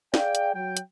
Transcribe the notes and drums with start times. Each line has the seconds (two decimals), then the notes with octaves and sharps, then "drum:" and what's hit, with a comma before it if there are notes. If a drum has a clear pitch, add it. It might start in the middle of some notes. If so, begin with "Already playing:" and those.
0.14 G#4 D5 F5 G5, drum: snare
0.35 drum: hi-hat
0.55 F#3 G5
0.77 drum: hi-hat